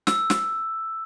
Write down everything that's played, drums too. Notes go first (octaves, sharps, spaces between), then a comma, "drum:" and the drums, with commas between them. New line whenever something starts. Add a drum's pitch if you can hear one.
E6, drum: snare
drum: snare